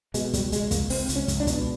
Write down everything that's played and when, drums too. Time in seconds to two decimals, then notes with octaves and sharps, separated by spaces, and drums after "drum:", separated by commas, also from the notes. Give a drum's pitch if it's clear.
0.14 B2 G#3, drum: hi-hat
0.34 C#2 G3, drum: kick, hi-hat
0.52 C#2 G#3, drum: hi-hat
0.71 C#2 A#3, drum: kick, hi-hat
0.90 C#2 C4, drum: open hi-hat
1.09 C#2, drum: hi-hat
1.16 C#4
1.28 C#2, drum: kick, hi-hat
1.40 D4
1.47 B2, drum: kick, hi-hat